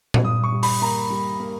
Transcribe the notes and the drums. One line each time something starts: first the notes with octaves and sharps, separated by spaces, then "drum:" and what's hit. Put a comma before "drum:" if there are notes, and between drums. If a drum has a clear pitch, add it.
drum: tom A#2
G2 D#6
C#6
G3
B5, drum: open hi-hat
A#3 A#5
G3
A#3